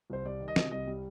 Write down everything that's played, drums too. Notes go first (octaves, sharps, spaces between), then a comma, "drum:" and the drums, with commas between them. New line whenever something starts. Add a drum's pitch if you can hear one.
C2 C5
G3 D5
D#3
D#5
C3, drum: snare
C2 D#5
G3